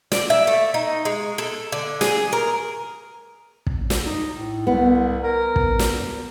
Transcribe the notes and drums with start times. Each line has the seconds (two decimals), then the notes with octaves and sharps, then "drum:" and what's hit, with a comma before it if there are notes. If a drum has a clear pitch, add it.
0.12 D5, drum: snare
0.30 E5
0.47 A3
0.74 D#4
1.05 G#3
1.38 A4
1.72 D3
2.01 G#4, drum: snare
2.33 A#4
3.66 drum: kick
3.90 drum: snare
4.06 D#4
4.34 A2
4.67 C2 B3
5.23 A#4
5.56 drum: kick
5.79 drum: snare